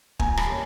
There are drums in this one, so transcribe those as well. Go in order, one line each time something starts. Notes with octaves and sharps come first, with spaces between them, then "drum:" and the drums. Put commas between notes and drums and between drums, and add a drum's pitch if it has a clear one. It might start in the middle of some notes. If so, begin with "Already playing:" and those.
A#2 G#5 A#5, drum: kick
A5 B5, drum: rim click
G3 A#3 C#4